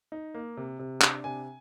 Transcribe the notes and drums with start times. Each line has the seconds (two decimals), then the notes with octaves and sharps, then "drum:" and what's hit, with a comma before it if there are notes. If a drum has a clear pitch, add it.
0.12 D#4
0.34 A#3
0.57 C3
0.79 C3
1.02 D4, drum: clap
1.24 C3 G#5